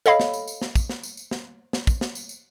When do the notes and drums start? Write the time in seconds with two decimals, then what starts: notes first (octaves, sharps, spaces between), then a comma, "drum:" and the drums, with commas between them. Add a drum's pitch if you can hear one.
0.06 A4 C#5 D#5 F5 B5, drum: tambourine
0.20 drum: snare
0.34 drum: tambourine
0.48 drum: tambourine
0.62 drum: snare
0.75 drum: kick, tambourine
0.89 drum: snare
1.03 drum: tambourine
1.17 drum: tambourine
1.31 drum: snare
1.73 drum: snare
1.87 drum: kick, tambourine
2.01 drum: snare
2.15 drum: tambourine
2.29 drum: tambourine